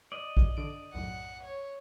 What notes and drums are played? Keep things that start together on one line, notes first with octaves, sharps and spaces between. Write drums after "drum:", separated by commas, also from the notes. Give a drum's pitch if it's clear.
D5 D#5
drum: kick A#1
D3 D7
B1 F#2 A2 F#5
C#5